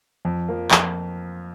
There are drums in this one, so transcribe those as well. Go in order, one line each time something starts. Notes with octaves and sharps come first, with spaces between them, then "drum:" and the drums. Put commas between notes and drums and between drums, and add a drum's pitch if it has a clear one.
F2
F3 A#3
F2, drum: clap